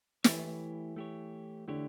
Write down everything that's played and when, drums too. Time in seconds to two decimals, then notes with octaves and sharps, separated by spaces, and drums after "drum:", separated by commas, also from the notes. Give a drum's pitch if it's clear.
0.24 E3 A3 E4 G4 C#5, drum: snare
0.96 A3 E4 G4 C#5
1.68 D3 A3 E4 G4 C#5